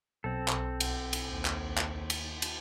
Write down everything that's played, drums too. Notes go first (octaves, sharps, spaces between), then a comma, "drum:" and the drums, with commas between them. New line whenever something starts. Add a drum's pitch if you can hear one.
B1 C4 A4
drum: clap
drum: cymbal
drum: cymbal
D#2
drum: clap
drum: clap
drum: cymbal
drum: cymbal